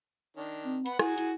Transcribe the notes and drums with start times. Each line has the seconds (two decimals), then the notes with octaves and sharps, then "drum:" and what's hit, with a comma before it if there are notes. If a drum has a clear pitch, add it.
0.37 D#3 D4
0.64 C4
0.86 B4 F#5, drum: hi-hat
0.99 E4 F#4 G#4 G#5, drum: rim click
1.18 E4, drum: hi-hat